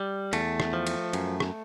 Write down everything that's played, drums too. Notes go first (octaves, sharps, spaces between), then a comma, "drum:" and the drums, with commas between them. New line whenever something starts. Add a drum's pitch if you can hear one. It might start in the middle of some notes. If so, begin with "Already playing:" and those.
Already playing: G3
E2 A3, drum: cymbal
drum: rim click
F3
drum: cymbal
F#2, drum: cymbal
drum: rim click